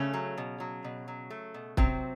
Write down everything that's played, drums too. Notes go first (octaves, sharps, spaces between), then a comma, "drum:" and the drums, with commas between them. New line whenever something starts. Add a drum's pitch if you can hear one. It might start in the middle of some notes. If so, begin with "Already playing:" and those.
Already playing: C#3 A3 C#4
F#3
B2
F#3
B2
F#3
A3
B2
C3 F#3 C4, drum: kick